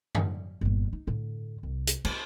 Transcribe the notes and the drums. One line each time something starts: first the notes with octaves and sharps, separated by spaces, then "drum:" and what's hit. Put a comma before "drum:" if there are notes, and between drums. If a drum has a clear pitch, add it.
drum: tom F#2
G1 A#2
D#4
A2 D3
C2
drum: hi-hat
C4, drum: cymbal